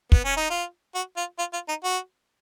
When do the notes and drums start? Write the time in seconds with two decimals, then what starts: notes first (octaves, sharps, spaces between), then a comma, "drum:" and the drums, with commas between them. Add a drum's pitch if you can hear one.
0.12 B3, drum: kick
0.25 C#4
0.37 D#4
0.50 F4
0.95 F#4
1.17 F4
1.39 F4
1.53 F4
1.69 D#4
1.84 F#4